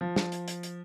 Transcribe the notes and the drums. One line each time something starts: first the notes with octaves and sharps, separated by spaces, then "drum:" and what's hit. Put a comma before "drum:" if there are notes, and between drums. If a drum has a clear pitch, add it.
F3
drum: snare
drum: hi-hat
drum: hi-hat
drum: hi-hat